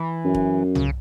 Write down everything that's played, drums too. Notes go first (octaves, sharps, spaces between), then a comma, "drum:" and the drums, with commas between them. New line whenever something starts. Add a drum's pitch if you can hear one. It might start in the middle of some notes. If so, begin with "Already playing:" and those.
Already playing: E3
F#2
drum: kick E1
C#3, drum: tom C2